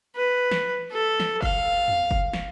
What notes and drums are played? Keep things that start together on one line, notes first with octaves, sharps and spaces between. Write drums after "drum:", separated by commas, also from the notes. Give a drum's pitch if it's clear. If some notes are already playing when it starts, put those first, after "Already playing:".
B4
drum: snare
A4
drum: snare
F5, drum: kick
drum: tom E2
drum: kick
drum: snare